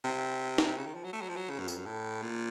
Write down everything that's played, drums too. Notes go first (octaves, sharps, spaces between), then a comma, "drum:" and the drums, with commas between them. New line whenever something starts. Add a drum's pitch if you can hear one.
C3
drum: snare
C#3
D#3
F3
F#3
A3
F#3
F3
F#3
C#3
F#2
F2, drum: tambourine
F#2
A2
A#2